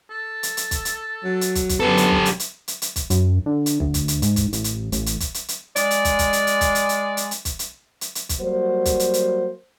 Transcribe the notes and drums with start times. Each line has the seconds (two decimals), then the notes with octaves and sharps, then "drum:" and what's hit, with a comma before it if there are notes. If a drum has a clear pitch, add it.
0.10 A4
0.43 drum: hi-hat
0.57 drum: hi-hat
0.71 drum: kick, hi-hat
0.85 drum: hi-hat
1.24 F#3
1.41 drum: hi-hat
1.55 drum: kick, hi-hat
1.69 drum: kick, hi-hat
1.80 F#2 D3 B3 G4 A4 D5
1.97 drum: hi-hat
2.11 drum: kick
2.25 drum: hi-hat
2.40 drum: hi-hat
2.68 drum: hi-hat
2.82 drum: hi-hat
2.96 drum: kick, hi-hat
3.10 F#2, drum: hi-hat
3.46 D3
3.66 drum: hi-hat
3.80 D2, drum: kick
3.94 drum: kick, hi-hat
4.08 drum: hi-hat
4.22 G#2, drum: hi-hat
4.36 drum: kick, hi-hat
4.53 A1, drum: hi-hat
4.64 drum: hi-hat
4.92 A1, drum: hi-hat
5.06 drum: hi-hat
5.20 drum: kick, hi-hat
5.34 drum: hi-hat
5.48 drum: hi-hat
5.76 G#3 D5, drum: hi-hat
5.91 drum: hi-hat
6.05 drum: kick, hi-hat
6.19 drum: kick, hi-hat
6.33 drum: hi-hat
6.47 drum: hi-hat
6.61 drum: kick, hi-hat
6.75 drum: hi-hat
6.89 drum: hi-hat
7.17 drum: hi-hat
7.31 drum: hi-hat
7.45 drum: kick, hi-hat
7.59 drum: hi-hat
8.01 drum: hi-hat
8.15 drum: hi-hat
8.29 drum: kick, hi-hat
8.40 F#3 G3 A#3 F#4 C5
8.85 drum: kick, hi-hat
9.00 drum: hi-hat
9.14 drum: hi-hat